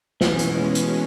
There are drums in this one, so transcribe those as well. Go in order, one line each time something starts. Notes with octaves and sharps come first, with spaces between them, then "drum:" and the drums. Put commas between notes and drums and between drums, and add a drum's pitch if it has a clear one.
B2 E3 G#3 C#4, drum: snare
drum: hi-hat
drum: hi-hat